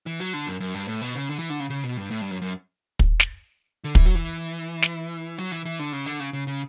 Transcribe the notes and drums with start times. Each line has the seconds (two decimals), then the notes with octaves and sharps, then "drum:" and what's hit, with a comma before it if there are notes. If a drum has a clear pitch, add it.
0.06 E3
0.20 F#3
0.33 D3
0.47 F#2
0.60 F#2
0.74 G2
0.88 A2
1.02 B2
1.15 C#3
1.29 D3
1.39 E3
1.50 D3
1.60 C#3
1.70 C#3
1.83 B2
1.97 G2
2.11 A2
2.21 G2
2.31 F#2
2.42 F#2
2.99 drum: kick
3.20 drum: snare
3.84 D3
3.95 E3, drum: kick
4.05 F#3
4.15 E3
4.82 drum: snare
5.38 F#3
5.52 E3
5.65 E3
5.79 D3
5.92 C#3
6.06 D3
6.20 C#3
6.33 C#3
6.47 C#3